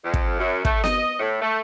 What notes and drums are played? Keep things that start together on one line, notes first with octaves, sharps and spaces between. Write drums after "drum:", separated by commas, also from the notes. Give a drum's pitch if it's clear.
F2
drum: kick
F#2
A3, drum: kick
D#5, drum: snare B3
A2
A3